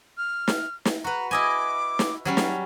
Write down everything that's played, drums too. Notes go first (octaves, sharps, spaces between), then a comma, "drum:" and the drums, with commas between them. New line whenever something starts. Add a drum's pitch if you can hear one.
F6
drum: snare
drum: snare
F#4 B4 A#5
E4 D#5 G#5 D6
drum: snare
F#3 G3 C#4
drum: snare